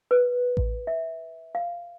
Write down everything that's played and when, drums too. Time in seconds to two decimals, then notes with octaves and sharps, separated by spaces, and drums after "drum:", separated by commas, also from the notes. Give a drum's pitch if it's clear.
0.11 B4
0.57 drum: kick A1
0.87 E5
1.55 F5